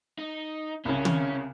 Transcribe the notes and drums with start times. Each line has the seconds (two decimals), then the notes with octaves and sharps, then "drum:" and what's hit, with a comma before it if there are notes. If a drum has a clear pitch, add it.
0.19 D#4
0.85 C2 C#3 C#4
1.05 drum: tom